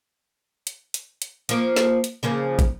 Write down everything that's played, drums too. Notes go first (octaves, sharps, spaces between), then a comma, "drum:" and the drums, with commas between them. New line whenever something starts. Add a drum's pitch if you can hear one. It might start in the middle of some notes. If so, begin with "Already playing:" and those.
drum: hi-hat
drum: hi-hat
drum: hi-hat
F3 A#3, drum: hi-hat
drum: snare
drum: hi-hat
C#3 F3 A#3
drum: kick, hi-hat